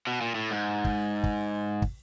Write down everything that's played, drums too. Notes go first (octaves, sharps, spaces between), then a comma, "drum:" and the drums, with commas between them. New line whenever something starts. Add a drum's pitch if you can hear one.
B2
A#2
A2
G#2
drum: kick
drum: kick
drum: kick